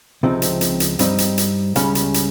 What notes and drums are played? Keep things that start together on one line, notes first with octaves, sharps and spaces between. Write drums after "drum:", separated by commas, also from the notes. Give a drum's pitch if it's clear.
C#2 C3 F3 C4 D#4
drum: hi-hat
drum: hi-hat
drum: hi-hat
G2 G3 C4 D#4, drum: hi-hat
drum: hi-hat
drum: hi-hat
C#2 C#3 G3 C#4, drum: hi-hat
drum: hi-hat
drum: hi-hat